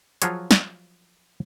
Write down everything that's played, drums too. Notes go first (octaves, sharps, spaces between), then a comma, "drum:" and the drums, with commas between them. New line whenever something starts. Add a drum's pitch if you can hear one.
F3 F#3 F4 F#4 G#4 C#5, drum: hi-hat
drum: snare